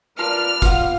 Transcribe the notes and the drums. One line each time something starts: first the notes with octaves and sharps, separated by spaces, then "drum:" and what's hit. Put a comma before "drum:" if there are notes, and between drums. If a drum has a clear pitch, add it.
F4 A#4 B4 D5 A5 F6
F4 F5 F#5, drum: kick, hi-hat